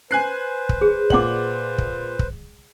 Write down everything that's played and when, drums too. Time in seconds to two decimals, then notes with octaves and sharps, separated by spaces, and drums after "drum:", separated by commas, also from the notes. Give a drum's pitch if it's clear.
0.11 B4 C5 G#5 F#6 C7
0.69 drum: kick
0.81 G#4
1.10 A#2 D5 F#5 D6 F#7, drum: kick
1.78 drum: kick
2.19 drum: kick